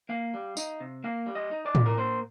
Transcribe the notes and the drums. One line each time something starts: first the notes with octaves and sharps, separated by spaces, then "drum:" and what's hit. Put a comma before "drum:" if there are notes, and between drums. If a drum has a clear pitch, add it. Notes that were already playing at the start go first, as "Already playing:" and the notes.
A#3 F5
G3
D#4, drum: tambourine
C3
A#3 F5
G3
D#5
D#4
D5
C3, drum: tom A2
A#4
A#3 C5